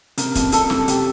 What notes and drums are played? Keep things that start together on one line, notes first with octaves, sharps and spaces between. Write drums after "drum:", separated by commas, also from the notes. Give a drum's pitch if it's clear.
C3 A#4, drum: hi-hat
F2, drum: kick, hi-hat
F2 A4, drum: hi-hat
C3, drum: snare
C3 G4, drum: hi-hat